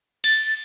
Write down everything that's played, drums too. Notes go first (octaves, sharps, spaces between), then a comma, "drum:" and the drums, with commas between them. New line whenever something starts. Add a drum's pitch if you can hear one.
A6, drum: cymbal